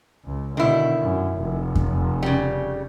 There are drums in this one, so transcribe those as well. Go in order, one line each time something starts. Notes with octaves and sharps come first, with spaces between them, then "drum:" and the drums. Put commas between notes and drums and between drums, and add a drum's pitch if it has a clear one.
C#2
B2 D3 D#3 E4
F#2
F1
drum: kick F2
C#3 G3